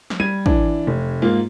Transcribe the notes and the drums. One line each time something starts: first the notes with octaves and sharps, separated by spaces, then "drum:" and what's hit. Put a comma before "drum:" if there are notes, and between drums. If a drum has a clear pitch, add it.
drum: snare
G3 G#6 D#7
E3 D4, drum: kick
F1
G#2 A#3 F4